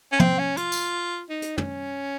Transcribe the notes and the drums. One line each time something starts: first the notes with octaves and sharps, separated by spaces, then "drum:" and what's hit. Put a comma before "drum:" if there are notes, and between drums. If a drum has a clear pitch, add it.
C#4
C4, drum: tom
C#4
F4, drum: hi-hat
drum: tambourine
D#4
drum: hi-hat
C#4, drum: tom